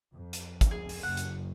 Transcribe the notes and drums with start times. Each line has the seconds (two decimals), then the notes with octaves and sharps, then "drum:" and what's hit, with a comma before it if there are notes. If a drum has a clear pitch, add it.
0.13 F2
0.33 drum: hi-hat
0.61 drum: kick, hi-hat
0.71 G#4
0.89 drum: open hi-hat
1.03 F#1 F#5
1.17 drum: hi-hat